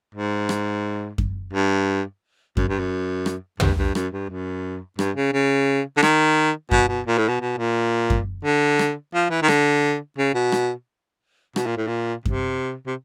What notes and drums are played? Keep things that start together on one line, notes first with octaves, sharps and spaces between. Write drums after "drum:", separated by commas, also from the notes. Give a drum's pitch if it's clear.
G#2
drum: rim click
drum: kick F#2
G2
F#2, drum: kick F#2
G2
F#2
drum: rim click
G2, drum: tom
G2
F#2, drum: rim click
G2
F#2
G2, drum: rim click
C#3
C#3
D3
D#3, drum: rim click
B2, drum: kick F#2
B2
A#2
A2
B2
B2
A#2
drum: kick F#2
D3
drum: rim click
F3
E3
D#3
D3, drum: rim click
C#3
B2
drum: rim click
B2, drum: rim click
A#2
A2
A#2
C3, drum: kick F#2
C3